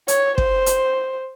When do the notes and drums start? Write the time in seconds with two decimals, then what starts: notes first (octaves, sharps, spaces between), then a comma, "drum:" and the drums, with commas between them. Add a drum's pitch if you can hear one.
0.08 C#5, drum: hi-hat
0.38 C5, drum: kick
0.66 drum: hi-hat